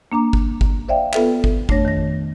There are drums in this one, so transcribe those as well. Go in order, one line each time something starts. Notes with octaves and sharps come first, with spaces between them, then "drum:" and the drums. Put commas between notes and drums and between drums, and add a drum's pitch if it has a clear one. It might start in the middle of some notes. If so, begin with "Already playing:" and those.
A#3 D4 A#5 D6
drum: kick G1
drum: kick G1
C5 D5 E5 F5 G5
B3 F4 A4 B4 E5, drum: clap
drum: kick G1
F2 A3 D4 C#5 A#6, drum: kick G1
D#3 A#6